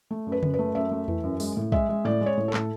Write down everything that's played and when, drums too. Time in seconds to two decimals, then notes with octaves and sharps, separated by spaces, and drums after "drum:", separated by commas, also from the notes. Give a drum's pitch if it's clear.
0.11 A3
0.27 F#2
0.32 B4
0.43 F#2, drum: tom C#3
0.54 B4
0.59 A3
0.75 F#2 E5
0.91 A3
1.08 E3, drum: tom E2
1.23 F#2
1.40 G#3, drum: open hi-hat
1.57 A2
1.72 G#3 E5, drum: kick
1.89 G#3
2.05 A2 D5
2.21 G#3
2.26 C#5
2.37 A2
2.48 A4
2.54 A2, drum: clap